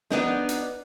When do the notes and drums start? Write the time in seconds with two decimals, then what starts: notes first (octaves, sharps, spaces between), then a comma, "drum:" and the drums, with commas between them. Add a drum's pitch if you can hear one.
0.10 B3 D4 D#4, drum: snare
0.49 drum: hi-hat